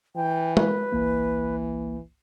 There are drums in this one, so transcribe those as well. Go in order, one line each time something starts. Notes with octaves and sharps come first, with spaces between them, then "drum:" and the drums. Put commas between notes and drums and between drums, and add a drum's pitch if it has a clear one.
E3 G5
B4, drum: tom
G1 C2 E3 A#3